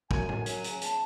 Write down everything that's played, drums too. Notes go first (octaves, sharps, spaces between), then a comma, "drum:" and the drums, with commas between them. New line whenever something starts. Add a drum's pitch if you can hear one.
F#2 G#5, drum: kick
F#2, drum: tom A2
F#3 G#5, drum: hi-hat
C#3, drum: hi-hat
A5, drum: hi-hat